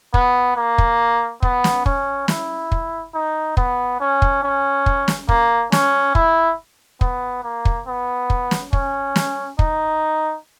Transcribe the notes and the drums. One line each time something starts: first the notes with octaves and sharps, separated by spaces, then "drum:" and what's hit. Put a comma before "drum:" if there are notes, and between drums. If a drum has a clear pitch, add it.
B3, drum: kick
A#3
drum: kick
B3, drum: kick
drum: snare
C#4, drum: kick
E4, drum: snare
drum: kick
D#4
B3, drum: kick
C#4
drum: kick
C#4
drum: kick
drum: snare
A#3, drum: kick
C#4, drum: snare
E4, drum: kick
B3, drum: kick
A#3
drum: kick
B3
drum: kick
drum: snare
C#4, drum: kick
drum: snare
D#4, drum: kick